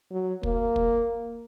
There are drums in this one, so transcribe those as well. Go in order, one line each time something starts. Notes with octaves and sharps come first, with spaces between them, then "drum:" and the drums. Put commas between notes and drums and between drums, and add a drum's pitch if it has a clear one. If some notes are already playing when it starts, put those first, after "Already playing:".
F#3
A#3, drum: kick
drum: kick